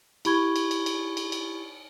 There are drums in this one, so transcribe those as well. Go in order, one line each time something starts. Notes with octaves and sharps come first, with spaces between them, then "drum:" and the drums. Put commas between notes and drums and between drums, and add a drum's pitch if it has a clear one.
E4 G4 B5 C#6 G#6 G7, drum: cymbal
drum: cymbal
drum: cymbal
drum: cymbal
drum: cymbal
drum: cymbal